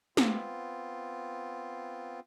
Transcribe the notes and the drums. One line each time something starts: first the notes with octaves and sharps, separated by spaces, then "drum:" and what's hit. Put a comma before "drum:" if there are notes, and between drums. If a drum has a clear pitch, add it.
B3 C4 F4, drum: snare